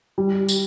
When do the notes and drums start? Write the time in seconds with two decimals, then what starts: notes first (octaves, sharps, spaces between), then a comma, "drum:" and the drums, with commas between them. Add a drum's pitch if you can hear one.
0.18 G3
0.49 drum: tambourine